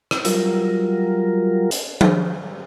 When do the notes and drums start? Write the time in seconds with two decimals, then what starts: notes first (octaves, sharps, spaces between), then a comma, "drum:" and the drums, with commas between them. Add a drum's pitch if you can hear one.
0.11 drum: rim click
0.25 F#3 G3 F4 A#4, drum: hi-hat
1.71 drum: hi-hat
2.01 drum: tom F3